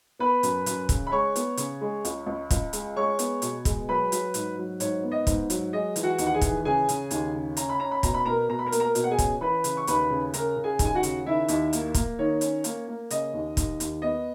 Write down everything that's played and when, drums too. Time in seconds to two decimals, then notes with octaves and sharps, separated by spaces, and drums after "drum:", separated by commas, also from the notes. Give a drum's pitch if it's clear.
0.19 B3 B4 B5
0.43 F#2, drum: hi-hat
0.66 F#2, drum: hi-hat
0.89 C#3, drum: kick, hi-hat
1.07 B5
1.11 G#3 C#5 C#6
1.36 B3, drum: hi-hat
1.57 C#3, drum: hi-hat
1.81 G#3
2.05 C#2, drum: hi-hat
2.27 C#2
2.51 C#2, drum: kick, hi-hat
2.73 G#3, drum: hi-hat
2.96 G#3 C#5 C#6
3.19 B3, drum: hi-hat
3.42 B2, drum: hi-hat
3.65 G#3, drum: kick, hi-hat
3.89 F#3 B4 B5
4.12 F#3, drum: hi-hat
4.34 G#2, drum: hi-hat
4.58 F#3
4.80 G#2 C#5, drum: hi-hat
5.04 B3
5.12 D#5
5.27 G#2, drum: kick, hi-hat
5.50 F#3, drum: hi-hat
5.73 G#3 D#5
5.96 E3, drum: hi-hat
6.03 F#4 F#5
6.18 D#2, drum: hi-hat
6.26 F#5
6.34 G#4 G#5
6.41 E3, drum: kick, hi-hat
6.65 C#3 G#4 G#5
6.89 C#3, drum: hi-hat
7.11 D#2, drum: hi-hat
7.34 C#3
7.57 C#4 A#5, drum: hi-hat
7.69 B5
7.80 C#4 A#5
7.91 B5
8.03 B2 A#5, drum: kick, hi-hat
8.14 B5
8.25 B2 A#4 A#5
8.49 B2 A#5
8.59 B5
8.66 A#4 A#5
8.72 A#3, drum: hi-hat
8.80 A#4 A#5
8.95 B2, drum: hi-hat
9.04 F#5
9.10 G#4 G#5
9.19 C#4, drum: kick, hi-hat
9.41 E3 B4 B5
9.64 C#3, drum: hi-hat
9.77 C#6
9.87 D#2 B4 B5, drum: hi-hat
10.10 C#3
10.34 C#3 A#4 A#5, drum: hi-hat
10.56 C#3
10.64 G#4 G#5
10.79 D#2, drum: kick, hi-hat
10.85 G#5
10.95 F#4 F#5
11.03 C#3, drum: hi-hat
11.26 D#3 E4 E5
11.48 D#2, drum: hi-hat
11.73 A#3, drum: hi-hat
11.94 A#3, drum: kick, hi-hat
12.19 D#3 C#5
12.41 C#4, drum: hi-hat
12.64 A#3, drum: hi-hat
12.88 A#3
13.10 C#3 D#5, drum: hi-hat
13.33 D#2
13.57 D#2, drum: kick, hi-hat
13.80 D#2, drum: hi-hat
14.02 B3 D#5